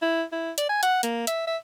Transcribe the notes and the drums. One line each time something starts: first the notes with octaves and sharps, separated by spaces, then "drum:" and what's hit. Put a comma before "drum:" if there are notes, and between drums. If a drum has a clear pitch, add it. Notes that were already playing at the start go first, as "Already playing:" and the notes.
E4
E4
D5, drum: hi-hat
G#5
F#5, drum: hi-hat
A#3, drum: hi-hat
E5, drum: hi-hat
E5